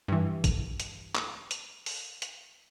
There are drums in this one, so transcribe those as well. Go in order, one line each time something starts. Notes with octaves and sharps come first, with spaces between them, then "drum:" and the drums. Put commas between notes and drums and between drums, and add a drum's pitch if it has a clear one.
G2 E3
drum: kick, hi-hat
drum: hi-hat
drum: clap
drum: hi-hat
drum: open hi-hat
drum: hi-hat